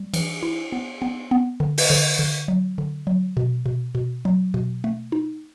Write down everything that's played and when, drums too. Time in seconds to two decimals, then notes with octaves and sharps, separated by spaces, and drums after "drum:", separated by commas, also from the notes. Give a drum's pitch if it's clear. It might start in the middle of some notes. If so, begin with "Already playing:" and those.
Already playing: G3
0.14 E3, drum: cymbal
0.43 E4
0.72 B3
1.02 B3
1.31 B3
1.60 D3
1.78 drum: open hi-hat
1.90 D3
2.19 D3
2.48 F#3
2.78 D3
3.07 F#3
3.37 B2
3.66 B2
3.95 B2
4.25 F#3
4.54 B2
4.84 A3
5.12 D#4